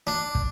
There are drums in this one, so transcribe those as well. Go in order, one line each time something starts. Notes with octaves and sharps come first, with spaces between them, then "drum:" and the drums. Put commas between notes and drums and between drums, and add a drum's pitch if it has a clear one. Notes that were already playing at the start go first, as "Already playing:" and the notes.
D4
drum: kick